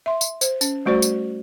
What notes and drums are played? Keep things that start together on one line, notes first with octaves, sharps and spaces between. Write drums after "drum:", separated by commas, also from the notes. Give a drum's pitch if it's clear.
E5 C6
drum: tambourine
C5, drum: tambourine
C#4, drum: tambourine
G3 A3 F#4 C5 D5
drum: tambourine